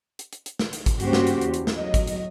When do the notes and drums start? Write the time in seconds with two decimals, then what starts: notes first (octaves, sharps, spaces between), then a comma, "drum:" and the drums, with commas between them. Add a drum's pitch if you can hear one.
0.19 drum: hi-hat
0.33 drum: hi-hat
0.46 drum: hi-hat
0.59 drum: snare
0.73 drum: hi-hat
0.86 drum: kick G#1, hi-hat
1.00 G2 C#3 A#3 F#4 G4 C5, drum: hi-hat
1.13 drum: snare
1.27 drum: hi-hat
1.41 E2, drum: hi-hat
1.54 drum: hi-hat
1.67 drum: snare
1.76 F#3 D#5
1.94 drum: kick G#1, hi-hat
2.07 drum: hi-hat